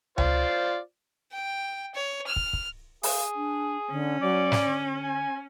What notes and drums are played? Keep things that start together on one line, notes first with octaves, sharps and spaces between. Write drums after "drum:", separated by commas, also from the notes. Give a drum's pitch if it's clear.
F4 C5 D5, drum: tom C#2
G5
C#5
F6
drum: kick
drum: kick
G#4 F5, drum: open hi-hat
D4
D3 C#4
F#3 D5
drum: snare
D3
G#5